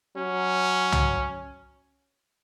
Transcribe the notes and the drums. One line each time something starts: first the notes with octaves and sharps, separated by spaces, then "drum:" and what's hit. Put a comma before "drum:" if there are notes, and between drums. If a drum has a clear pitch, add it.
F#3 C#4
drum: tom C2